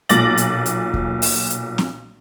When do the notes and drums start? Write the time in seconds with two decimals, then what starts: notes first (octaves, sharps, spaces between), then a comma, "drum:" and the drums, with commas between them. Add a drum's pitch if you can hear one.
0.09 B1 A#2 D6 A6 A#6 F#7, drum: hi-hat
0.37 drum: hi-hat
0.66 drum: hi-hat
0.94 drum: kick D#2
1.22 drum: open hi-hat
1.50 drum: hi-hat
1.78 drum: snare